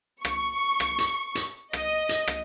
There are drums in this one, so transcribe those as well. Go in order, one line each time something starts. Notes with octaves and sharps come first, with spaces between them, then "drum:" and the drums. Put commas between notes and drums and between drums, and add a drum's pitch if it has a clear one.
C#6, drum: rim click
drum: rim click
drum: hi-hat
drum: hi-hat
D#5, drum: rim click
drum: hi-hat
drum: rim click